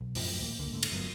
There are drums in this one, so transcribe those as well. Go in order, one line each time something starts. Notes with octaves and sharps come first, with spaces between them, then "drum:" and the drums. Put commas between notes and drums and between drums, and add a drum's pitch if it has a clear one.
B1
F#2 A2 F3, drum: open hi-hat
D#1 A#3
C#2 D3 A#3
G#2 D3 A3
drum: cymbal
G1 F#3 B3